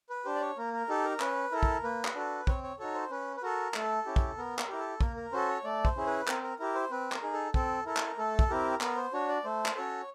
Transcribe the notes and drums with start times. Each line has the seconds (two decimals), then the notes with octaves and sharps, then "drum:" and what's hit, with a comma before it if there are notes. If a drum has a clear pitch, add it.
0.10 B4
0.25 D4 G4 C5
0.35 D5
0.41 C#5
0.57 A#3 A#4
0.73 A#4
0.89 D#4 G4 A4
1.04 A#4
1.20 C#4 B4, drum: clap
1.52 E4 A4 A#4
1.63 drum: kick
1.83 A#3 B4
2.05 drum: clap
2.15 D4 F#4 A4
2.47 C4 C#5, drum: kick
2.63 C#5
2.79 D#4 F#4 A4 C#5
2.94 C5
3.11 C#4 B4
3.36 B4
3.42 F#4 A4 A#4
3.74 A3 A4, drum: clap
4.06 C#4 E4 G4
4.16 drum: kick
4.37 B3 A#4
4.59 A#4, drum: clap
4.69 E4 G4 A#4
4.79 A4
5.01 A#3 A#4, drum: kick
5.17 A#4
5.32 C#4 F#4 A4 C5
5.49 C#5
5.64 A3 D5
5.85 C5, drum: kick
5.96 C#4 E4 G#4
6.07 B4
6.28 C4 A#4, drum: clap
6.43 A#4
6.59 E4 G4 A#4
6.75 C5
6.91 C4 B4
7.12 A#4, drum: clap
7.22 D#4 G#4
7.33 A4
7.54 C4 A4, drum: kick
7.86 E4 A4 A#4
7.97 drum: clap
8.18 A3 A4
8.39 drum: kick
8.50 C4 E4 G4 A#4
8.81 B3 A#4, drum: clap
8.96 C5
9.13 D4 F#4 C#5
9.29 D5
9.44 A3 C5
9.66 drum: clap
9.76 C#4 F#4 A4 C#5